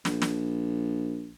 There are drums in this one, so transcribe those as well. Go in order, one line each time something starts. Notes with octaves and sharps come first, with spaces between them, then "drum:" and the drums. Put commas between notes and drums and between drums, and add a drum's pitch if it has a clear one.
A#1, drum: snare
drum: snare